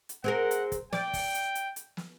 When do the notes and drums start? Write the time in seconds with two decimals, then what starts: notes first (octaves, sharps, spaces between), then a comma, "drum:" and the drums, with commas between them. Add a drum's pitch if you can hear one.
0.09 drum: hi-hat
0.24 C4 G#4 A#4 F#5
0.51 drum: hi-hat
0.72 drum: kick, hi-hat
0.93 D5 G5, drum: snare
1.13 drum: kick, open hi-hat
1.34 drum: hi-hat
1.55 drum: hi-hat
1.76 drum: hi-hat
1.97 drum: snare